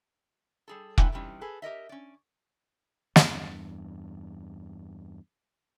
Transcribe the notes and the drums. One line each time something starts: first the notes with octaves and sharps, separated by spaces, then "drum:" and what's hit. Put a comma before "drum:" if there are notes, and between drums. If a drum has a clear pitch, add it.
G3 G#4 A4
A#3 C4 D4 E4 G5 G#5, drum: kick
A2 C3 E3 G3 C#4 D#4
G#4 A4 B4
G4 A#4 D#5 E5
C#4 D5
E2 G2, drum: snare